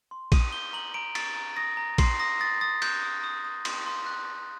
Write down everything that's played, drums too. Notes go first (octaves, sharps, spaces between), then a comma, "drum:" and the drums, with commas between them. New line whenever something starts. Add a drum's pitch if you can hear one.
C6
D#6 D#7, drum: kick A#1, cymbal
G6 G7
A#5 F#7
A#5 D7
A#5 A6, drum: cymbal
A#5
D#6 A#6
A#5
C6 C7, drum: kick A#1, cymbal
D#6 A#6
D#6 A6
D#6 A6
F#6 G6, drum: cymbal
D#6
D#6
D#6
C6, drum: cymbal
C6
F#6
C6